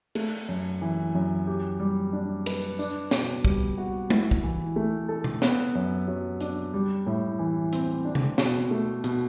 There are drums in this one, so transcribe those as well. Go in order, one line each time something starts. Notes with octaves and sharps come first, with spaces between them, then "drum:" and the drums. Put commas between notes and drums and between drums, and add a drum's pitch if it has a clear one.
A3, drum: cymbal
F#2
E3
F#2
G4
G3
D4
B4, drum: cymbal
D4, drum: tambourine
B2, drum: snare
G3, drum: kick
F#4
E4, drum: tom G#3
drum: kick
E3
A3
A4
drum: tom B2
B3, drum: snare
F#2
F#3
D4, drum: hi-hat
G3
A2
E3
C4, drum: hi-hat
D4
drum: tom C3
B2, drum: snare
A3
B2, drum: hi-hat